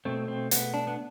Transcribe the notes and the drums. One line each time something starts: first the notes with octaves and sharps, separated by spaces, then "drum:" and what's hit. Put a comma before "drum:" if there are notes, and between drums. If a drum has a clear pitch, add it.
B2 A3 C4
C4
B3, drum: hi-hat
D4
B3